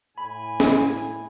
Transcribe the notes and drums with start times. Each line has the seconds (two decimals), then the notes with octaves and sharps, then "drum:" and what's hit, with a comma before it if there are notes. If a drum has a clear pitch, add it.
0.18 A2 G#5 B5
0.60 drum: snare